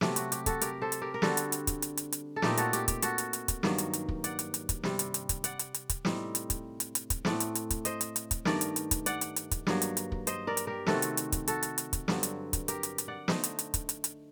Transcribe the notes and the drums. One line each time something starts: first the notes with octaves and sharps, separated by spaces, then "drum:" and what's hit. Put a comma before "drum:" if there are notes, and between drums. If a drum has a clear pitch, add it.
C3 F#3 A3 C4 G4, drum: snare
F#4, drum: hi-hat
G4, drum: hi-hat
F#4 A4, drum: kick, hi-hat
G4 A#4, drum: hi-hat
A4 C5
drum: hi-hat
G4 A#4
A#4
D3 G3 C4 F#4 A4, drum: snare
drum: hi-hat
drum: hi-hat
drum: kick, hi-hat
drum: hi-hat
drum: hi-hat
drum: hi-hat
A4
A#2 A3 C4 D#4 G4 A#4, drum: snare
F#4 A4, drum: hi-hat
G4, drum: hi-hat
G4, drum: kick, hi-hat
F#4 A4, drum: hi-hat
drum: hi-hat
drum: hi-hat
drum: kick, hi-hat
G2 D#3 F#3 A#3, drum: snare
drum: hi-hat
drum: hi-hat
drum: kick
D5 F#5, drum: hi-hat
drum: hi-hat
drum: hi-hat
drum: kick, hi-hat
C3 G3 C4, drum: snare
drum: hi-hat
drum: hi-hat
drum: kick, hi-hat
D5 F#5, drum: hi-hat
drum: hi-hat
drum: hi-hat
drum: kick, hi-hat
A2 G3 C4 D#4, drum: snare
drum: hi-hat
drum: kick, hi-hat
drum: hi-hat
drum: hi-hat
drum: kick, hi-hat
A2 A3 C4 D5 F#5, drum: snare
drum: hi-hat
drum: hi-hat
drum: kick, hi-hat
C5 D#5, drum: hi-hat
drum: hi-hat
drum: hi-hat
drum: kick, hi-hat
G2 D#3 A3 A#4 D5, drum: snare
drum: hi-hat
drum: hi-hat
drum: kick, hi-hat
D5 F#5, drum: hi-hat
drum: hi-hat
drum: hi-hat
drum: kick, hi-hat
G2 F#3 A#3, drum: snare
drum: hi-hat
drum: hi-hat
drum: kick
C5 D#5, drum: hi-hat
A#4 D5
drum: hi-hat
G4 A#4
C3 D#3 A3 C4 F#4 A4, drum: snare
drum: hi-hat
drum: hi-hat
drum: kick, hi-hat
F#4 A4, drum: hi-hat
drum: hi-hat
drum: hi-hat
drum: kick, hi-hat
G2 D3 F#3 C4, drum: snare
drum: hi-hat
drum: kick, hi-hat
G4 A#4, drum: hi-hat
drum: hi-hat
drum: hi-hat
D5 F#5
D3 A3 D#4 C5 D#5, drum: snare
drum: hi-hat
drum: hi-hat
drum: kick, hi-hat
drum: hi-hat
drum: hi-hat